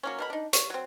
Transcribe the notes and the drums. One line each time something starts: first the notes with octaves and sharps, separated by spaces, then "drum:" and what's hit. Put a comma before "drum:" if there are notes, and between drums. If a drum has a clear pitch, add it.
F#3 A#3 C#4
B2 A#4 B5
D4 D#4
C#5 C#6, drum: hi-hat
F#3 C4